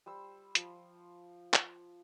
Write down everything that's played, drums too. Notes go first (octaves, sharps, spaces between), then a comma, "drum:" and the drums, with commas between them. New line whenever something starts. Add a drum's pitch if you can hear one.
G3 C5 E6
F3, drum: hi-hat
drum: clap